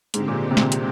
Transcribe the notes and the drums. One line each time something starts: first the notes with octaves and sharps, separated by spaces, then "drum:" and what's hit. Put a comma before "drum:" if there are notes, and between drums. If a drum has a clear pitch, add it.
G#2 D3 G#3 C4 G4, drum: hi-hat
A#2
C3
A#2, drum: snare
drum: hi-hat